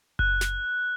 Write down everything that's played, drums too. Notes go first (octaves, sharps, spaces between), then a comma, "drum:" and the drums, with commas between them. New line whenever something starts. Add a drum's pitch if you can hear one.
F#6, drum: kick F#1
drum: snare